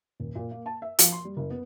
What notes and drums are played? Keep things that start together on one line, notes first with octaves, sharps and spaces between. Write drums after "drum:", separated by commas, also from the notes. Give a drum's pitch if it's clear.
D#1
A#2
A#3
A5
E5
F3, drum: hi-hat
C6
G3
F#1
B3